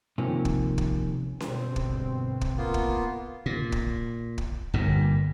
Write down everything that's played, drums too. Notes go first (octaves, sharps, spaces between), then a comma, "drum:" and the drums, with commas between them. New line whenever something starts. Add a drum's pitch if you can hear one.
C3 D#3 F3 A#3 C4 C#4
drum: kick
drum: kick
G1 B2 C4, drum: snare C#4
drum: kick
drum: kick
A#3 B3 F4
drum: kick
A#2
drum: kick
drum: kick
G1 G2 A#2